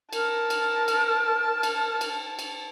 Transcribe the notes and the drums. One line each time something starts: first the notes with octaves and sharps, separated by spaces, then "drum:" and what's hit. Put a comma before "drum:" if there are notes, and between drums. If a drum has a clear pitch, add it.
A#4 A5, drum: cymbal
drum: cymbal
drum: cymbal
drum: cymbal
drum: cymbal
drum: cymbal